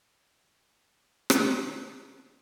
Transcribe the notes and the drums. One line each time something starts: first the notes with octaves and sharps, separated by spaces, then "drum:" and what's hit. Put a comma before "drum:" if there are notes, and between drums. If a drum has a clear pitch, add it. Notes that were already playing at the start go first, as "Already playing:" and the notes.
G1 C2
drum: rim click